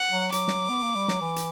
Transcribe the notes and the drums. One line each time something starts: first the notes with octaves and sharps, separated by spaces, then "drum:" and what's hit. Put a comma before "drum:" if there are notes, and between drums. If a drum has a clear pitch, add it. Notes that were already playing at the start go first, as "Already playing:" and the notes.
Already playing: F#5
F#3
F#3 D6, drum: hi-hat
drum: snare
B3
A#3
G3
F#3, drum: snare
E3
drum: hi-hat